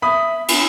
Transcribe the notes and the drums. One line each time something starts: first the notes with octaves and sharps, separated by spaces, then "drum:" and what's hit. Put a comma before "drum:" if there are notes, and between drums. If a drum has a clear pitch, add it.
E5 B5 D#6
G#5, drum: cymbal